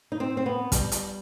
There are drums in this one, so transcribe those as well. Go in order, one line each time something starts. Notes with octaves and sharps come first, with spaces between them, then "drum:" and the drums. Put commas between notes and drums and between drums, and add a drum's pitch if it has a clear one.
D#4
C4
C4
B3
G3, drum: kick, hi-hat
drum: hi-hat